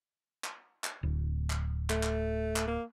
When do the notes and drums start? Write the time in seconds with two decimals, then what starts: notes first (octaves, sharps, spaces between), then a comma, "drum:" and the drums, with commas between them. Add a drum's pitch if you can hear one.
0.44 drum: clap
0.84 drum: clap
1.03 D1
1.50 drum: clap
1.90 A3, drum: clap
2.03 drum: clap
2.56 drum: clap
2.68 A#3